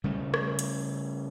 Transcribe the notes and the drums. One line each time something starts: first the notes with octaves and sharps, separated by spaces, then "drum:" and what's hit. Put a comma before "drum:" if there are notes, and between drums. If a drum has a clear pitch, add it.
C#3 G3 A3
drum: rim click
drum: hi-hat